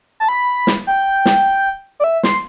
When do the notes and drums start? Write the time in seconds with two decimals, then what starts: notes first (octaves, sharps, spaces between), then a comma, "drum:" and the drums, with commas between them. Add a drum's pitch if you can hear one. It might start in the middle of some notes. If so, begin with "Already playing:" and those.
0.20 A5
0.29 B5
0.67 drum: snare
0.87 G5
1.26 drum: snare
2.00 D5
2.04 E5
2.23 C6, drum: snare